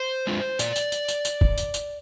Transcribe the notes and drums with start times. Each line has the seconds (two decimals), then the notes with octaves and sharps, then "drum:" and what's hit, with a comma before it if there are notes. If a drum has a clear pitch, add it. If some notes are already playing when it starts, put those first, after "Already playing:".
Already playing: C5
0.27 G#3 D4 F4
0.59 A#2 D5, drum: tambourine
0.76 drum: tambourine
0.92 drum: tambourine
1.08 drum: tambourine
1.25 drum: tambourine
1.41 drum: kick
1.58 drum: tambourine
1.74 drum: tambourine